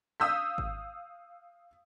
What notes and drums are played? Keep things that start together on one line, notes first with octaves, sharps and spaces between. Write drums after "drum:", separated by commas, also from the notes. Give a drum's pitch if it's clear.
F5 D#6 E6 G6 B6
drum: kick G#1